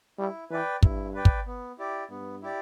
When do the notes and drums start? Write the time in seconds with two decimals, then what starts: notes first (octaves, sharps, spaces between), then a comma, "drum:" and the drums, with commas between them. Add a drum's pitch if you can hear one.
0.18 G3 E4
0.51 E3 B4 D5 G5
0.83 G2 E4, drum: kick
1.14 B4 D5 G5
1.25 drum: kick
1.47 B3
1.79 E4 G4 D5
2.10 G2 B3
2.42 E4 G4 D5